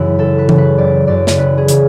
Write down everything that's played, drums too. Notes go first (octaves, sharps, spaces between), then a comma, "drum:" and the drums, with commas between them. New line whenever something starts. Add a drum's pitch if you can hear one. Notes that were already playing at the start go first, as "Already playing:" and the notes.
Already playing: F#2 C#3 E3 E4
F#1 A4
B4
F#2 C#3 E3, drum: tom E3
B4
F#1 D5
F#2 C#3 E3 D5
drum: snare
F#1 B4
G#4
C#3 E3, drum: hi-hat